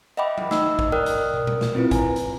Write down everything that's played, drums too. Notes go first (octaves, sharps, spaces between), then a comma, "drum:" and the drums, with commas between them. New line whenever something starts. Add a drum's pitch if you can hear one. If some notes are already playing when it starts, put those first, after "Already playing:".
D#5 E5 F#5 G5 B5 D6
drum: tom F#3
D#4 D#5 E6, drum: snare
drum: kick
A#4 D5 G5 D#6 F6 F#6
drum: hi-hat
drum: tom
drum: tom A#2
drum: snare
C4 E4 F4 B4
G#5 A#5, drum: kick, hi-hat
drum: hi-hat